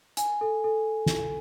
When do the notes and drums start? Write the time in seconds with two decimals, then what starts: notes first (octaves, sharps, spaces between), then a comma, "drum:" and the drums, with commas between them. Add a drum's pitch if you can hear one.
0.17 G#5, drum: hi-hat
0.41 A4
0.64 A4
1.06 drum: snare